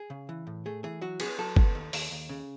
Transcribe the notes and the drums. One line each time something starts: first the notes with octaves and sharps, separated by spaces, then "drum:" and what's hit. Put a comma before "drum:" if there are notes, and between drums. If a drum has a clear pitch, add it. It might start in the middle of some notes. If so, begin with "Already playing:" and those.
Already playing: G#4
C#3
E3
A2
A3 G#4
E3 G#4
F#3 F#4
B3 G#4, drum: cymbal
F#3 A4
B3, drum: kick
D#2
D#2, drum: open hi-hat
D#2
C#3